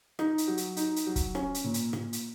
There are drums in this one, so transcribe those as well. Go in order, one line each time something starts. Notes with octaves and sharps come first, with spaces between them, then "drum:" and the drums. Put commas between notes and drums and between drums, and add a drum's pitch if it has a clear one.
D#4, drum: rim click
drum: hi-hat
F#3
drum: hi-hat
D#4, drum: hi-hat
drum: hi-hat
F#3
drum: kick, hi-hat
C#4, drum: rim click
drum: hi-hat
A#2
drum: hi-hat
A#2, drum: rim click
drum: hi-hat